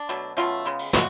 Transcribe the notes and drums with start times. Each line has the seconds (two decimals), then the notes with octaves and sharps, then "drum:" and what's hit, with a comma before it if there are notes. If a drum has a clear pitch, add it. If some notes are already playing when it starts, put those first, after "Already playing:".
Already playing: D4
0.09 B2 F#3 A3
0.37 B2 F#3 A3 C#4 F4
0.65 C#3 G#3 B3
0.79 drum: open hi-hat
0.93 C#3 G#3 F#4, drum: snare